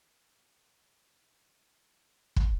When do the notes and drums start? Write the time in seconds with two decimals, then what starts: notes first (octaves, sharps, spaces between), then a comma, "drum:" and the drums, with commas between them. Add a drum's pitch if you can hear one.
0.11 A#3 C#5 D#5 B5 D6 F#6
0.78 G5
1.32 F3
1.99 G#4 A4 A5
2.36 drum: kick